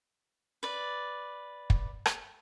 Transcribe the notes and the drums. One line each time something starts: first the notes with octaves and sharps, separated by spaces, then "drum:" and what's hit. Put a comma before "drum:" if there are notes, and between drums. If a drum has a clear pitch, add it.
B4 D5
drum: kick
drum: rim click